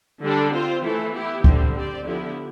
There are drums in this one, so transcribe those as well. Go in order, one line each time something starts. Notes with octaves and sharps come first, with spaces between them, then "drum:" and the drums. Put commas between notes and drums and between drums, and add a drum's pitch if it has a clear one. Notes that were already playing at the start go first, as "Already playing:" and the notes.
D3 G3 D4 A4
C4 F4 C5
E3 A3 E4 A4
B3 E4 G4
D3 G3 C4, drum: kick D2
C4 G4 D5
D3 F3 B3 E4 G4